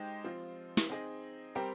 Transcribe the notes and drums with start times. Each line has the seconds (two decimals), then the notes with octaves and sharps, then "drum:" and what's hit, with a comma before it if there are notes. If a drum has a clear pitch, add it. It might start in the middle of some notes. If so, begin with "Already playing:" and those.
Already playing: G#3 D#4 G4 C5 D#5
0.24 F3 C4 F4
0.77 drum: snare
0.90 C4 D#4 G#4 D#5
1.55 G3 C4 G4 A#4